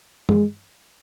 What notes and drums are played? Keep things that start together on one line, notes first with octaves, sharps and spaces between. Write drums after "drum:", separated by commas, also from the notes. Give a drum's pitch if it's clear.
G#3, drum: tom